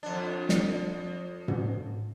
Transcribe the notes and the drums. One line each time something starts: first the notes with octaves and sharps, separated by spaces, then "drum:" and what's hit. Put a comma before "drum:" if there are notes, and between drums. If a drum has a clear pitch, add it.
F2 D4
drum: snare
drum: tom